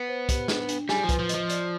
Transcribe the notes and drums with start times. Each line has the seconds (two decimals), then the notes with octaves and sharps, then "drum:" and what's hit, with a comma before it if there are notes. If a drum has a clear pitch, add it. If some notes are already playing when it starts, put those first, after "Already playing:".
Already playing: B3
0.09 C5
0.29 G4, drum: kick, hi-hat
0.48 D4, drum: snare
0.69 D4, drum: hi-hat
0.89 G3 G#5, drum: snare
1.04 F3
1.09 B4, drum: kick, hi-hat
1.19 F3
1.29 D#5, drum: hi-hat
1.34 F3
1.49 D5, drum: hi-hat